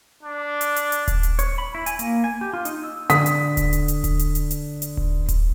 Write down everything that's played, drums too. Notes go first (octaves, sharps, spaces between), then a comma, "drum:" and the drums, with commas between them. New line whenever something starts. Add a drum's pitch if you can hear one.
D4
drum: hi-hat
drum: hi-hat
drum: hi-hat
drum: kick D#1, hi-hat
drum: hi-hat
C#5, drum: hi-hat
B5
E4
G#5, drum: hi-hat
A#3, drum: hi-hat
G#5
G4
F4
D#4, drum: hi-hat
E6
D3 D#6 B6, drum: hi-hat
drum: hi-hat
drum: kick D#1, hi-hat
drum: hi-hat
drum: hi-hat
drum: kick D#1, hi-hat
drum: hi-hat
drum: hi-hat
drum: hi-hat
drum: hi-hat
drum: kick D#1
drum: kick D#1, hi-hat